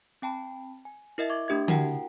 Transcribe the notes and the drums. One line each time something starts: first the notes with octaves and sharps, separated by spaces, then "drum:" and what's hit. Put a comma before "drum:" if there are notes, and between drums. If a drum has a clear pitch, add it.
C4 G5 A5 B5
G#5
E4 A#4 D#5 E5
E5 C#6 D6 G#6
A3 D4 G4 E5 G#6
E4 F#4 A#4 F#5 G5 A5, drum: tom D3